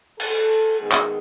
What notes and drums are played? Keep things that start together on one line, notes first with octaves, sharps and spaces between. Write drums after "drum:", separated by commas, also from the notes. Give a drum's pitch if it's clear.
A4, drum: cymbal
D#3 G#3 B3 G#4
drum: clap